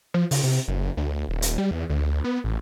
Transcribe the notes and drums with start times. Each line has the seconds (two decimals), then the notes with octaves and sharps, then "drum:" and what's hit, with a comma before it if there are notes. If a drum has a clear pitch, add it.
0.14 F3
0.31 C#3, drum: open hi-hat
0.43 C3
0.68 F#1
0.97 D2
1.29 D#1
1.42 drum: hi-hat
1.58 G3
1.71 E2
1.90 D2
2.24 B3
2.44 A1